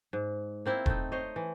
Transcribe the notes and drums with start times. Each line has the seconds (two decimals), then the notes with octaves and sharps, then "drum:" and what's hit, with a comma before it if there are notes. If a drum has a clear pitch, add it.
0.13 G#2
0.66 A#3 C4 E4
0.86 A3 D#4, drum: kick E1
1.12 C5 C#5 D#5
1.36 E3